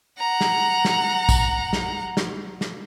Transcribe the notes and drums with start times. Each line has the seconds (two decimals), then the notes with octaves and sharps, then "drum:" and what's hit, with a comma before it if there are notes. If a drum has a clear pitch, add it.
0.19 F#5 A#5
0.41 drum: snare
0.85 drum: snare
1.29 drum: kick, tambourine
1.73 drum: snare
2.17 drum: snare
2.61 drum: snare